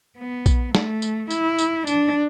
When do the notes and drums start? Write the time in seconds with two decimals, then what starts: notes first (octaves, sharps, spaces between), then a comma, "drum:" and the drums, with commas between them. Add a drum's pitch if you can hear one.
0.18 B3
0.46 drum: kick A#1, tambourine
0.75 A3, drum: snare
1.02 drum: tambourine
1.30 E4, drum: tambourine
1.58 drum: tambourine
1.87 D4, drum: tambourine